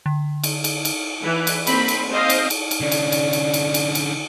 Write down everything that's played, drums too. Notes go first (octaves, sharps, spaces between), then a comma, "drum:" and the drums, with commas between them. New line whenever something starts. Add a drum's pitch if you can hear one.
D3
drum: cymbal
drum: cymbal
drum: cymbal
E3 B4
drum: cymbal
A#3 C4 B5, drum: cymbal
drum: cymbal
C4 C5 D#5 F5
drum: cymbal
drum: cymbal
drum: cymbal
D3 C#4 D5
drum: cymbal
drum: cymbal
drum: cymbal
drum: cymbal
drum: cymbal
drum: cymbal